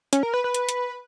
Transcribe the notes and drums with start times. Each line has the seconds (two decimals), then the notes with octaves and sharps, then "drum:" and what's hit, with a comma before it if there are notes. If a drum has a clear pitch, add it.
0.13 C#4, drum: hi-hat
0.23 A#4
0.34 B4
0.44 B4
0.54 drum: hi-hat
0.69 drum: hi-hat